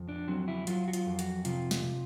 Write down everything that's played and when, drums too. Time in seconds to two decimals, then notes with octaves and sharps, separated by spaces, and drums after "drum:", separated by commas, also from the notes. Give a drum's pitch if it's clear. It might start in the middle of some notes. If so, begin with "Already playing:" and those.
Already playing: F2
0.09 D4
0.28 F#3 C4
0.48 E4
0.67 F#3 F4, drum: hi-hat
0.88 F#4
0.93 F4, drum: hi-hat
1.06 F2
1.19 F#4, drum: hi-hat
1.45 C3 F4, drum: hi-hat
1.71 drum: snare
1.83 C3